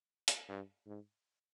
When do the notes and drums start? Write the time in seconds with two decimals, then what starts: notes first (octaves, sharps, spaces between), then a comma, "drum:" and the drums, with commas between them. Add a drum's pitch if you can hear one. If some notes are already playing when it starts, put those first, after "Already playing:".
0.28 drum: hi-hat
0.49 G2
0.86 G#2